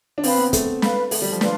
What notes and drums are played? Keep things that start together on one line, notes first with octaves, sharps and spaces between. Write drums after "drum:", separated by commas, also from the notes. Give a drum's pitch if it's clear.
D4
C4 B4 F5 B5, drum: open hi-hat
B3
A3, drum: kick, hi-hat
B4 F5 B5, drum: snare
A3, drum: open hi-hat
G3
F3
D4 F4 B4 D5, drum: snare